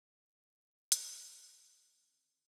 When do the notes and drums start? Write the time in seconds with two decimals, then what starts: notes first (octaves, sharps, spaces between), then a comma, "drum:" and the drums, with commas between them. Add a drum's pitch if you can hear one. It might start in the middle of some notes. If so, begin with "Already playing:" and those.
Already playing: F#3
0.10 F3
0.21 C4
0.29 D3
0.49 C#3 B3
0.64 C3
0.79 B2
0.92 A#2, drum: hi-hat
1.07 A2
1.35 B2
1.65 E3 C4
1.77 D#3 C#4
1.91 D3 C4
2.09 C#3